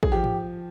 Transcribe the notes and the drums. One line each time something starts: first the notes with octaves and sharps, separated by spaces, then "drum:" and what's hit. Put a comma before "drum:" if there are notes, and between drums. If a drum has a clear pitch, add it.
G#4, drum: kick
F3 G4
drum: tom G#2